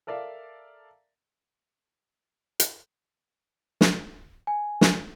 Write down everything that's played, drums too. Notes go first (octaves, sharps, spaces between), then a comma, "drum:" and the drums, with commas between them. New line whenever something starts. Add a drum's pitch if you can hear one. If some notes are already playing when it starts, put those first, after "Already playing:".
A4 A#4 D5 E5 F5
drum: hi-hat
drum: snare
G#5
drum: snare